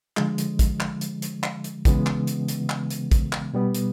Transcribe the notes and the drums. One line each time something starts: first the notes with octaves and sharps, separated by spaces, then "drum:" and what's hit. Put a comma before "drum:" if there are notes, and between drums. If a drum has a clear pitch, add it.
D3 F3 G#3, drum: clap
drum: hi-hat
drum: kick, hi-hat
drum: clap
drum: hi-hat
drum: hi-hat
drum: clap
drum: hi-hat
C#3 E3 G#3 B3, drum: kick, hi-hat
drum: clap
drum: hi-hat
drum: hi-hat
drum: clap
drum: hi-hat
drum: kick, hi-hat
drum: clap
B2 G3 B3
drum: hi-hat